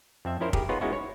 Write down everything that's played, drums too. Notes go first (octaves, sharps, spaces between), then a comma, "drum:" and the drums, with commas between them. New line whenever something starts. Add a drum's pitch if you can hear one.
F2 C4 E5
F3 C#4 E4 A#4 C5
G4 G#4 A#4, drum: kick
B3 D#4 F4 G#4 B4 C#5
G#3 B3 C#4 D#4 E4 F#4
C#5